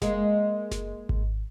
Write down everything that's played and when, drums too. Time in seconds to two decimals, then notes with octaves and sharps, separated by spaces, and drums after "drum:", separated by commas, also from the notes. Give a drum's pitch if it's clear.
0.02 G#3 A#3, drum: snare F#1
0.71 drum: snare F#1
1.09 drum: kick G#1